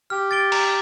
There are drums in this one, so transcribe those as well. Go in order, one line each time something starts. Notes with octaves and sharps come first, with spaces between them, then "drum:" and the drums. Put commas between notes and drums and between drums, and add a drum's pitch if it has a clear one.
G4 F6
A6 D7 G7
A#5, drum: cymbal